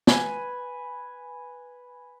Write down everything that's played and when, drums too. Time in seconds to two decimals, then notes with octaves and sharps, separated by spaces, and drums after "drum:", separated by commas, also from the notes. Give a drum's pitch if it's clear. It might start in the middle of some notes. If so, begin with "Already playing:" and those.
0.07 B4 G#5, drum: snare